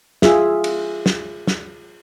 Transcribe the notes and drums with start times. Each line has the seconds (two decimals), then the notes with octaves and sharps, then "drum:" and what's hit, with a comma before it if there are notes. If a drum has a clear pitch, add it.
0.22 F4 G#4 E5, drum: snare
0.64 drum: cymbal
1.06 drum: snare
1.47 drum: snare